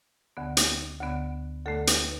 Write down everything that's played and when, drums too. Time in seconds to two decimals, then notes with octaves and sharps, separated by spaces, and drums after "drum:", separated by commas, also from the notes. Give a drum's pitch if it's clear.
0.37 D2 D3 B3
0.57 drum: hi-hat
1.01 D2 D3 B3
1.66 D2 D3 A3 A4
1.87 B4, drum: hi-hat